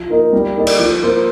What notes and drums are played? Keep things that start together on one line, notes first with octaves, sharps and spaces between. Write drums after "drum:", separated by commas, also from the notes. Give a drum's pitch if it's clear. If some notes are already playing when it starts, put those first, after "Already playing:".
Already playing: F3
A#3 D#4 A#4
G3
A#3 D#4 A4 D5
drum: cymbal
F3
A#3 F4 C5